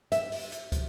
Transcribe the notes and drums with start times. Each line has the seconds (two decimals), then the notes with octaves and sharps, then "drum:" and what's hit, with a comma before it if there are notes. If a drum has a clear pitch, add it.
0.12 E5, drum: hi-hat
0.32 drum: open hi-hat
0.52 drum: hi-hat
0.72 drum: kick, hi-hat